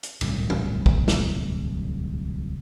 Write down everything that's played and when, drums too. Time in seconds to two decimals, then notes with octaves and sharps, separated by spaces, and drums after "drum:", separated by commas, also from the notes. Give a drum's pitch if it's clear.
0.03 drum: hi-hat
0.21 D1 C2 G2 A#2, drum: cymbal
0.50 drum: tom
0.86 drum: kick
1.08 drum: snare